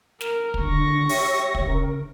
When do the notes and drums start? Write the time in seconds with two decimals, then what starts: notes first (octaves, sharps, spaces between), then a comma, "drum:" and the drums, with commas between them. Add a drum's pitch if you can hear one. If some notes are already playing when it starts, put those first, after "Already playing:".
0.21 A#4, drum: snare
0.54 drum: kick
0.63 D3 C#6 A#6
1.09 G4 C#5 E5, drum: open hi-hat
1.55 drum: kick
1.67 C#3 A#4